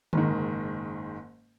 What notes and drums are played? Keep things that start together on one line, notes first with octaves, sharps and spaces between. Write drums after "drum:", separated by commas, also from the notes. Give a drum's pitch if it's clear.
F#1 G#2 D#3, drum: tom D3